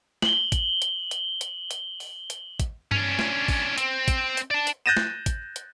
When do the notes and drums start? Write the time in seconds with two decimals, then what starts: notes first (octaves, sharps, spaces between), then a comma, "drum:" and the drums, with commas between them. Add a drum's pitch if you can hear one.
0.22 F#7 G7, drum: snare
0.52 drum: kick, hi-hat
0.82 drum: hi-hat
1.11 drum: hi-hat
1.41 drum: hi-hat
1.71 drum: hi-hat
2.00 drum: open hi-hat
2.30 drum: hi-hat
2.60 drum: kick, hi-hat
2.91 C#4 D4, drum: tom G2
3.19 drum: snare
3.48 drum: kick, open hi-hat
3.78 C4, drum: hi-hat
4.08 drum: kick, hi-hat
4.37 drum: hi-hat
4.50 D5 A5
4.67 drum: hi-hat
4.86 F#6 G6 A6 A#6 D#7 E7
4.97 drum: snare
5.26 drum: kick, hi-hat
5.56 drum: hi-hat